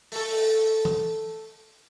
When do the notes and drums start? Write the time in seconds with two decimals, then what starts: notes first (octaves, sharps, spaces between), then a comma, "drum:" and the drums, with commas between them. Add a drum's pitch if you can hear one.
0.12 A3 A4, drum: open hi-hat
0.32 drum: open hi-hat
0.85 drum: tom E3